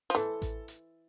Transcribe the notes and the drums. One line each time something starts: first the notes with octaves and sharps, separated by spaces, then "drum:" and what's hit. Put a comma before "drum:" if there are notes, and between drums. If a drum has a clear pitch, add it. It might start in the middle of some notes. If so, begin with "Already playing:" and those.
F3
E3 A4, drum: hi-hat
drum: kick A1, hi-hat
drum: hi-hat